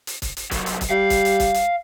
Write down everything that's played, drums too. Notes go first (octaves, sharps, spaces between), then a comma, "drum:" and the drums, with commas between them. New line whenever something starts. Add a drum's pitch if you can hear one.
drum: hi-hat
drum: kick, hi-hat
drum: hi-hat
C2 F#3, drum: kick, hi-hat
drum: hi-hat
drum: kick, hi-hat
G3 F5
drum: kick, hi-hat
drum: hi-hat
drum: kick, hi-hat
drum: hi-hat